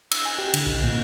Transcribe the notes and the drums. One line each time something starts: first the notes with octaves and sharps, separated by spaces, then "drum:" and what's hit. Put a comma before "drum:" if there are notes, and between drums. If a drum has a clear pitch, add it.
E6, drum: cymbal
G#5
G4
D3, drum: cymbal
B1
A#2